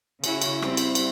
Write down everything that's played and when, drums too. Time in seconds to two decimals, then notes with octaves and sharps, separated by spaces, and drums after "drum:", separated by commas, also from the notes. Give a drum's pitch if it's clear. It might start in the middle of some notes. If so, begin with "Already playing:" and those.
0.24 C#3 C#4 E4 F#4, drum: cymbal
0.42 drum: cymbal
0.62 G3 C4 E4, drum: rim click
0.77 drum: cymbal
0.95 drum: cymbal